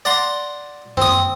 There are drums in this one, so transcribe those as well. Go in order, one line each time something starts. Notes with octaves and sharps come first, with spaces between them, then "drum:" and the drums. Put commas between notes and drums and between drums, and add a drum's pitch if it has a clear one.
D5 F#5 A#5 C6
C4 D#6, drum: tom F#2